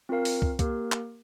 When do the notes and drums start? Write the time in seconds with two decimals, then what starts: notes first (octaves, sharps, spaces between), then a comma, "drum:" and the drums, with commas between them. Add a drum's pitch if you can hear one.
0.09 C4 F4 A#4 F5
0.25 drum: open hi-hat
0.42 drum: kick
0.59 A#3 G4 A#4, drum: kick, hi-hat
0.92 drum: clap